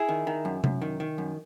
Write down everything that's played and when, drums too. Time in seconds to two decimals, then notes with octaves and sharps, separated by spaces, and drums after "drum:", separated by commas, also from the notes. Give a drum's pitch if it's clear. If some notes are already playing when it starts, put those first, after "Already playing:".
Already playing: E4 G#4
0.09 D#3
0.27 D#3
0.45 F#2
0.64 F#2, drum: tom C3
0.82 D#3
1.00 D#3
1.18 F#2